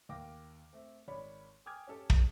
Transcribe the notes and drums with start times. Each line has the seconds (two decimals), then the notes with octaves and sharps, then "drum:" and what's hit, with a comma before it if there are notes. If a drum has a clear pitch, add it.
0.09 D#2 F5 G5 D6 A#6
0.73 A3 C4
1.08 G#1 C#5 D5 B5
1.66 G5 G#5 D6 D#6 F6 G#6
1.87 C#4 G4 A4 C#5
2.10 drum: kick